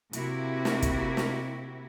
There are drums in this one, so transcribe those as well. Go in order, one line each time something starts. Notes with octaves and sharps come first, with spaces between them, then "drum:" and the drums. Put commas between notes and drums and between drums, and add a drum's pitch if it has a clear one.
C3 A#3 E4 F#4 G4, drum: hi-hat
drum: snare
drum: kick, hi-hat
drum: snare